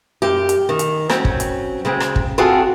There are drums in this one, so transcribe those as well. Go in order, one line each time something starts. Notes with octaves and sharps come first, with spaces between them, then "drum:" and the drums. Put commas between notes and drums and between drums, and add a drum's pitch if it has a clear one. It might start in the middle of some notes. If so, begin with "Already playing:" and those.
F#2 G4
drum: hi-hat
D#3
drum: hi-hat
F#3 C4 C#4, drum: rim click
drum: kick
drum: hi-hat
C#3 G#3 C4
drum: rim click
drum: kick
C4 F4 F#4 G#4 A4 D5